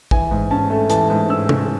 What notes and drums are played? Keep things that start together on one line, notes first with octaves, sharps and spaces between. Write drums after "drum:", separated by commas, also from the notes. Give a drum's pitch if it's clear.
E3 G#5, drum: kick
G#2
C#4 A5
A3
E3 A5, drum: hi-hat
G#2
C#4 E6
C#4, drum: tom